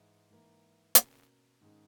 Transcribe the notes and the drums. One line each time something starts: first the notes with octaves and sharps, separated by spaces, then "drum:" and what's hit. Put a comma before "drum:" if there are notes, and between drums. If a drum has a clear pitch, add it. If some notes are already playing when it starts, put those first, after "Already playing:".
Already playing: G#2 E3 G#3
G#2 E3 A#3
B2 A#3 C#4, drum: hi-hat
G#2 D#3 G#3 C#4 G#4